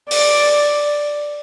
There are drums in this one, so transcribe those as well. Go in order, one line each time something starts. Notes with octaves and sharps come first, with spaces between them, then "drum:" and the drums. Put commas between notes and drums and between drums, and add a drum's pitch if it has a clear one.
D5, drum: open hi-hat